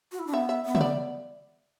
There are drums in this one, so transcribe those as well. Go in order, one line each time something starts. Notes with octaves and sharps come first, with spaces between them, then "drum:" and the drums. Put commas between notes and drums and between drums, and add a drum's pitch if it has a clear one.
F#4
E4
D4
B3 E5
E5
B3
E5, drum: tom
D5